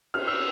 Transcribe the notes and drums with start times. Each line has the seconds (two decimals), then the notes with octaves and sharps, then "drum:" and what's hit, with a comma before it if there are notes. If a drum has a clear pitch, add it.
0.14 F6, drum: cymbal
0.27 E6